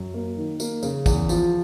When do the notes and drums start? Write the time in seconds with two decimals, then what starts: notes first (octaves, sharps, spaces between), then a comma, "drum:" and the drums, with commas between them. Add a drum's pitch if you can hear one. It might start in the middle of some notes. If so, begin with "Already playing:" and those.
Already playing: F#2
0.14 A#3
0.37 D#3
0.60 A#3, drum: tambourine
0.83 C#3, drum: tambourine
1.06 E2, drum: kick, tambourine
1.29 F3, drum: tambourine